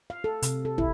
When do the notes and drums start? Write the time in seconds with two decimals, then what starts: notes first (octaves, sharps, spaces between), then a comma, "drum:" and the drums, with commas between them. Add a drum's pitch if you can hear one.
0.10 F5
0.24 A4
0.42 C3, drum: hi-hat
0.65 A4
0.78 E4, drum: kick